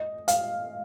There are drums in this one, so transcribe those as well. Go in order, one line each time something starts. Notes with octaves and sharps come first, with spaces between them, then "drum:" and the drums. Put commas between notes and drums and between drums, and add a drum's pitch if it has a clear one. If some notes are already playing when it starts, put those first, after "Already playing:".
Already playing: D#5
F5, drum: hi-hat